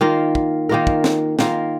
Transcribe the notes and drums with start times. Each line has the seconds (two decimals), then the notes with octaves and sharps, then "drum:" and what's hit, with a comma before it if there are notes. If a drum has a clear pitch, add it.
0.01 D#3 A#3 F4 A#4
0.35 drum: kick
0.69 D#3 A#3 F4 A#4
0.87 drum: kick
1.04 drum: snare
1.39 D#3 A#3 F4 A#4, drum: snare